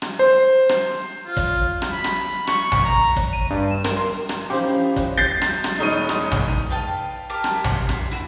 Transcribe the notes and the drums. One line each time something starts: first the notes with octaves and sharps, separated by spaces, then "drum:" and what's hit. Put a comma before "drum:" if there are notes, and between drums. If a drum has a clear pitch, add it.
drum: rim click
C5
drum: rim click
F4
drum: kick, hi-hat
drum: rim click
B5
drum: rim click
C#6, drum: rim click
drum: tom A#1
A#5
drum: kick, hi-hat
D#7
G2
E7
A#4, drum: rim click
C6
drum: rim click
F3 C#4 D#4 E4 G4 C5
drum: kick, hi-hat
G6 A6 C7
drum: rim click
drum: rim click
E1 D#4 C#5 D#7
drum: rim click
drum: tom A#1
B4 F5 G5 A5
G4 A#4 A5 F6
drum: rim click
E5 F#5 C6, drum: tom A#1
drum: rim click
E4 F#4